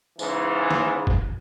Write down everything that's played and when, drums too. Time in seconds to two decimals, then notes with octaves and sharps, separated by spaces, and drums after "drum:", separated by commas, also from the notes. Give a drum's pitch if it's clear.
0.19 G#2 C#3 E3, drum: tambourine
0.71 drum: snare
1.07 drum: kick F#1